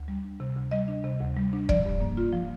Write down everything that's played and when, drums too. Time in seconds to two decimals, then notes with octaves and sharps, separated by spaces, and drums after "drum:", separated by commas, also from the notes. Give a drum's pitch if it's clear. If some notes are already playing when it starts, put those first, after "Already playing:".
Already playing: D2
0.08 G3
0.24 D4
0.40 C3
0.56 D2
0.71 G3 D#5
0.88 D4
1.04 C3
1.20 D2
1.37 G3
1.53 D4
1.69 F3 D5, drum: kick E1
1.85 G2
2.00 A#3
2.17 F4
2.33 F3